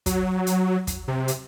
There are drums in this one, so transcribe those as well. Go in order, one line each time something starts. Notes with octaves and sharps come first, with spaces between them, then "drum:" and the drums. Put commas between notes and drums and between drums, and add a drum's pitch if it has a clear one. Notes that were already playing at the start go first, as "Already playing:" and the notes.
F#3, drum: kick, hi-hat
drum: hi-hat
drum: kick, hi-hat
C3
drum: hi-hat